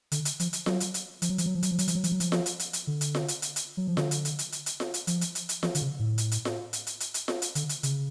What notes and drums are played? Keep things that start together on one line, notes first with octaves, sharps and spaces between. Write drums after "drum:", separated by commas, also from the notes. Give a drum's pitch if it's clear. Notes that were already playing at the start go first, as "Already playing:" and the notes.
D3, drum: hi-hat
drum: hi-hat
F3, drum: hi-hat
drum: hi-hat
F#3, drum: snare F4
drum: hi-hat
drum: hi-hat
F3, drum: hi-hat
F#3
F3, drum: hi-hat
F#3
F3
F#3, drum: hi-hat
F3
F#3, drum: hi-hat
F3, drum: hi-hat
F#3
F3, drum: hi-hat
F#3
F3, drum: hi-hat
drum: snare F4
drum: hi-hat
drum: hi-hat
drum: hi-hat
D3
drum: hi-hat
drum: snare F4
drum: hi-hat
drum: hi-hat
drum: hi-hat
F#3
F3
D3, drum: snare F4
drum: hi-hat
drum: hi-hat
drum: hi-hat
drum: hi-hat
drum: hi-hat
drum: snare F4
drum: hi-hat
F3, drum: hi-hat
drum: hi-hat
drum: hi-hat
drum: hi-hat
F3, drum: snare F4
D3, drum: hi-hat
C#3
A2
drum: hi-hat
drum: hi-hat
drum: snare F4
drum: hi-hat
drum: hi-hat
drum: hi-hat
drum: hi-hat
drum: snare F4
drum: hi-hat
D3, drum: hi-hat
drum: hi-hat
C#3, drum: hi-hat